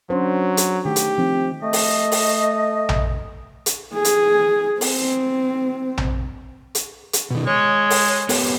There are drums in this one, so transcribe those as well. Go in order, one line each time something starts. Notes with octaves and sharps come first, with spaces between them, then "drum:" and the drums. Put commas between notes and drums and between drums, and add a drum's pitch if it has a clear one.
F#3 C#4 D4 C5
drum: hi-hat
D#3 A3 G4
drum: hi-hat
F3 C4 D#4
A3 D#5
drum: open hi-hat
drum: open hi-hat
drum: tom A#1
drum: hi-hat
G#4
drum: hi-hat
C4, drum: open hi-hat
drum: tom A#1
drum: hi-hat
drum: hi-hat
B2 D#3
G#3 C#5
drum: open hi-hat
B3 G4 C#5, drum: open hi-hat